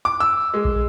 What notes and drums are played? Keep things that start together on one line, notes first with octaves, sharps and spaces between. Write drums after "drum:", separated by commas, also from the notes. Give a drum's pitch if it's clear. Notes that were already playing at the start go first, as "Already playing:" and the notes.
D6
E6
G#3
drum: kick A#1